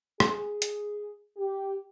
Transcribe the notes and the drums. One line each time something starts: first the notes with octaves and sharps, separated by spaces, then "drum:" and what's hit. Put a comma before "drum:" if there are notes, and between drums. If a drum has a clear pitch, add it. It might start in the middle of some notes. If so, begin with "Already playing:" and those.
G#4, drum: rim click
drum: hi-hat
G4